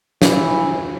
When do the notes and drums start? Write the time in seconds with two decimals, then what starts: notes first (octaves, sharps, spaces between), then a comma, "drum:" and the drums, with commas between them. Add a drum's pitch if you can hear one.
0.22 E3, drum: snare